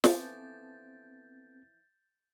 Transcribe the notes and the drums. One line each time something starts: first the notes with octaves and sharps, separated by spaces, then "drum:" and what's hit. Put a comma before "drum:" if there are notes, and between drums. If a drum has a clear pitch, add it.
E3 F3 B3 C4 D4 A4 G6 A6, drum: snare